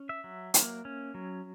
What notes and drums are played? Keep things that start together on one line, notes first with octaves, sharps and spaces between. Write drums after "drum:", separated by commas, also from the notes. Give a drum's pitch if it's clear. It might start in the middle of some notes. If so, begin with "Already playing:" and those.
Already playing: C#4
E5
F#3
A#3, drum: hi-hat
C#4
F#3